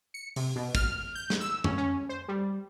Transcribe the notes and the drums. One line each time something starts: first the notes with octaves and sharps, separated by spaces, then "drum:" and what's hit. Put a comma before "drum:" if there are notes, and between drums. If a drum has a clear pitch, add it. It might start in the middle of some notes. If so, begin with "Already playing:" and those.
C#7
C3, drum: open hi-hat
B2
F6, drum: kick
G6
drum: snare
E6
C#4, drum: tom F2
C#4
C5
G3